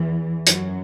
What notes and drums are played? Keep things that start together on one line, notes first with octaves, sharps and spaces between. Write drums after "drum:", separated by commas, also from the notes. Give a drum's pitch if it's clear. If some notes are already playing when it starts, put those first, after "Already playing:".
Already playing: E2 E3
F#2 F#3, drum: hi-hat